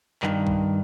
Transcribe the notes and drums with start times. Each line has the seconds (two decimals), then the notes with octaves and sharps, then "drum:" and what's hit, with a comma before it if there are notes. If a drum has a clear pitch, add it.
0.23 G2 D#3, drum: clap
0.47 drum: kick A#1